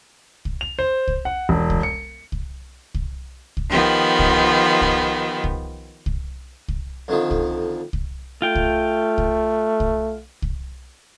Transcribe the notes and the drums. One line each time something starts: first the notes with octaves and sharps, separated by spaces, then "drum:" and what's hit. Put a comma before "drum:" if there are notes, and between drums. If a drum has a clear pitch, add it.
drum: kick C2
F7
C5
drum: kick C2
F#5
E1
drum: kick C2
C#7
drum: kick C2
drum: kick C2
drum: kick C2
D#3 F3 B3 G4
drum: kick C2
drum: kick C2
drum: kick C2
drum: kick C2
drum: kick C2
F2 D3 D#3 F3
drum: kick C2
drum: kick C2
A3 F4 G5
drum: kick C2
drum: kick C2
drum: kick C2
drum: kick C2